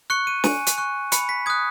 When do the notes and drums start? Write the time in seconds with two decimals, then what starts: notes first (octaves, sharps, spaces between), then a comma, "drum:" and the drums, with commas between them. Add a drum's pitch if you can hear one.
0.10 C#6 F#6 C#7
0.27 D#7
0.44 G#5 D#7, drum: snare
0.67 drum: hi-hat
0.78 C#6 F#6
1.12 B5 C#7, drum: hi-hat
1.29 B6
1.46 D#6 F#6 G#6